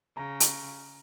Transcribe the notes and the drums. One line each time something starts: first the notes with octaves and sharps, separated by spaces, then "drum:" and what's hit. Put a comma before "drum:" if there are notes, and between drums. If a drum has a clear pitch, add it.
C#3 A#5
drum: hi-hat